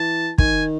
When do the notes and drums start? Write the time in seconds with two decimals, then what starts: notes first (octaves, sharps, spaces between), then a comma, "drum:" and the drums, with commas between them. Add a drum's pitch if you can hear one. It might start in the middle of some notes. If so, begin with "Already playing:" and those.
Already playing: E3 A5
0.38 D#3 G#5, drum: kick